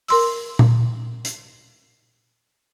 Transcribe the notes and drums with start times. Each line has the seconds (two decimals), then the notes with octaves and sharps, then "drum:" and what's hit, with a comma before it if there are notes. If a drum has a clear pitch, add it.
0.08 A#4 C6 E6, drum: open hi-hat
0.59 drum: tom A#2
1.25 drum: hi-hat